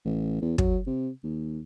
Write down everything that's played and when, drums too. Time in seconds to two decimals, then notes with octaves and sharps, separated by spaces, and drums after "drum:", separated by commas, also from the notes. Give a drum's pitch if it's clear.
0.05 A1
0.42 E2
0.58 F#3, drum: kick
0.87 C3
1.24 D#2